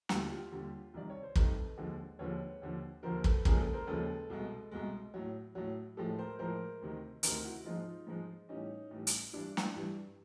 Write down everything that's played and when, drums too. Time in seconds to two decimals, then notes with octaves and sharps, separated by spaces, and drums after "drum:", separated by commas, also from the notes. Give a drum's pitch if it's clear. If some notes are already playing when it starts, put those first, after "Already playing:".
0.09 D#2 D3 G3 E4 F#4, drum: snare
0.30 F4 G4
0.51 D#2 D3 G3
0.94 C2 C3 D#3 D5
1.10 C#5
1.23 C5
1.36 C2 C3 D#3 A4 B4, drum: kick
1.78 D#2 D3 F3 G#3
2.19 D#2 D3 F3 G#3 B4 C#5
2.62 D#2 D3 F3
3.03 D#2 D3 F3 A#4 C5
3.24 A4 B4, drum: kick
3.37 B4
3.45 D#2 C#3 F3 G#3 G#4 A#4, drum: kick
3.59 A4 B4
3.73 A#4 C5
3.87 D#2 C#3 F3 G#3 A4 B4
4.30 C2 B2 G#3
4.72 C2 B2 G#3
5.14 A2 F#3
5.55 A2 F#3
5.97 A2 F3 G#3 G4 A4
6.19 A#4 C5
6.39 A2 F3 G#3 A#4 C5
6.82 D2 C3 D#3
7.23 D2 C3 D#3 A#4 C5, drum: hi-hat
7.44 E4 F#4
7.65 G#2 F3 G#3 D#4 F4
8.07 G#2 F3 G#3
8.49 A2 E3 G3 C#4 D#4
8.91 A2 E3 G3
9.07 drum: hi-hat
9.33 G2 E3 G3 D4 E4
9.57 drum: snare
9.75 G2 E3 G3